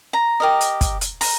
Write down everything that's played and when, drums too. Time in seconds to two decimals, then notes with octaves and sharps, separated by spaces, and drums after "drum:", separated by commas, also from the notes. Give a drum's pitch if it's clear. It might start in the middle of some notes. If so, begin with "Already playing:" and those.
0.13 A#5
0.40 G4 A#4 D#5
0.61 drum: hi-hat
0.81 drum: kick, hi-hat
1.01 drum: hi-hat
1.21 A#5, drum: open hi-hat